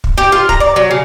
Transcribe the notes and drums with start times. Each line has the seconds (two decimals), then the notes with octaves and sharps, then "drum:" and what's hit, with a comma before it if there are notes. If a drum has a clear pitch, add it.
0.04 drum: kick
0.18 G4
0.32 F4
0.49 A#5, drum: kick
0.60 D5
0.76 F#3
0.91 C#3